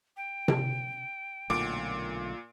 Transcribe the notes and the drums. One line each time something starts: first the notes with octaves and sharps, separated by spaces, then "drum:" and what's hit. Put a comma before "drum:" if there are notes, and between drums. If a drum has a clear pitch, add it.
G5
drum: tom C3
B1 A#2 D3 A3 D6 D7